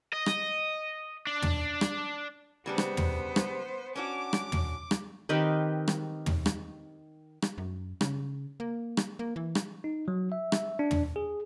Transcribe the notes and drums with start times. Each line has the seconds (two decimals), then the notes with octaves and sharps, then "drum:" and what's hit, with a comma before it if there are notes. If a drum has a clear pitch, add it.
0.13 D#5
0.26 drum: rim click
1.27 D4
1.42 drum: tom
1.81 drum: rim click
2.66 C#3 G3 B3 D4 C5
2.78 drum: rim click
2.97 drum: tom
3.36 drum: rim click
3.96 C#4 D4 F#4 D6
4.33 drum: rim click
4.52 drum: tom
4.91 drum: rim click
5.29 D#3 C4 G4 B4
5.88 drum: rim click
6.26 drum: tom
6.46 drum: rim click
7.42 drum: rim click
7.58 F#2
8.01 C#3, drum: rim click
8.60 A#3
8.97 drum: rim click
9.19 A#3
9.36 E3
9.55 drum: rim click
9.84 D#4
10.08 F#3
10.32 E5
10.52 drum: rim click
10.79 D4
10.91 drum: tom
11.16 G#4